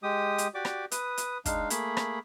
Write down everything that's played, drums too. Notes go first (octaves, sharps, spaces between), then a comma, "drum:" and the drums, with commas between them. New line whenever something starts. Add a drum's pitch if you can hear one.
G#3 G4 D#6
drum: hi-hat
F#4 G4 D5 D6
drum: rim click
B4 D#6, drum: hi-hat
drum: hi-hat
G#3 D4 D#4 F5, drum: kick, hi-hat
A3 A#3 G#4 B5, drum: hi-hat
drum: rim click